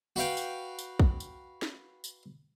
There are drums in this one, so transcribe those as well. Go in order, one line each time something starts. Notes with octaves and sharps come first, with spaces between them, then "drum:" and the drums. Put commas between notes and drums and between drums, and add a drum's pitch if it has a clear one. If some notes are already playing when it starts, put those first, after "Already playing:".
F#4 B4 F5 G5
drum: tambourine
drum: tambourine
drum: kick
drum: tambourine
drum: snare
drum: tambourine